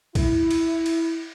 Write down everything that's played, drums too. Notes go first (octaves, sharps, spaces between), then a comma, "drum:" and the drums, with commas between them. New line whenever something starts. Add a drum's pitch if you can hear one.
E4, drum: kick B1, cymbal
drum: cymbal
drum: cymbal